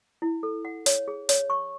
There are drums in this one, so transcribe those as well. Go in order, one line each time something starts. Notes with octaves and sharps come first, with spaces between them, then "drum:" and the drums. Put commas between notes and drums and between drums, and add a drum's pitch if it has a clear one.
E4
A4
F#5
C#5, drum: hi-hat
G#4
C#5, drum: hi-hat
C#6